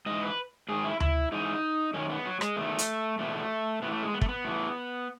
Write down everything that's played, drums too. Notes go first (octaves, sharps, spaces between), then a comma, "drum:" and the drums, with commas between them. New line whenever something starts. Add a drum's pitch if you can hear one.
G#2 E3 D#5
B4
G#2 D#3 G#4
E4
E4, drum: tom D2
G#2 E3 D#4
F#2 D#3 C#4
B3
F#3
G#3, drum: rim click
E2 D#3 A3
drum: hi-hat
E2 B2 A3
A2 E3 B3
A3
G#3
B3
A3, drum: kick
B3
A2 E3